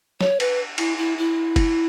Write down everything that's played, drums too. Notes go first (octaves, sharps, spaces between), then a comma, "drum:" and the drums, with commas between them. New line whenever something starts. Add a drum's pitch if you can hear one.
C#5, drum: snare
B4, drum: cymbal
E4, drum: cymbal
E4
E4
drum: kick, cymbal